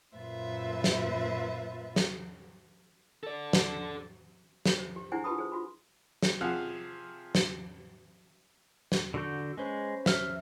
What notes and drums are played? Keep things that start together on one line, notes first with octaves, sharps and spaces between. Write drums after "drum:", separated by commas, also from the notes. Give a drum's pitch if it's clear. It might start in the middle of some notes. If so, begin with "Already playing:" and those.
F#2 A#2 F4 B4 C5 E5
drum: snare
drum: snare
A4 D5
drum: snare
drum: snare
C5
G4
D4 E4 G#4 C5 F#5 G#5
F4 G4 B4 A5 B5 D#6
G#4 C5
F4 F#4 B5
drum: snare
C3 F3 G#4 F5 F#5
drum: snare
drum: snare
D3 F#4 G6
G#3 C#4 B4 C5
E5 F6, drum: snare